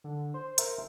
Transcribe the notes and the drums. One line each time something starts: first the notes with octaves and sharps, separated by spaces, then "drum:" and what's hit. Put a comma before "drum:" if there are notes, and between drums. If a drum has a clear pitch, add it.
D3
C5
A#4 E5, drum: hi-hat